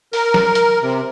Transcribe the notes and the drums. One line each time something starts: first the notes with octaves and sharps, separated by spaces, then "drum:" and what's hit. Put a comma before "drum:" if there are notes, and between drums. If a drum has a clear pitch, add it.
A#4, drum: open hi-hat
drum: snare
drum: hi-hat
C3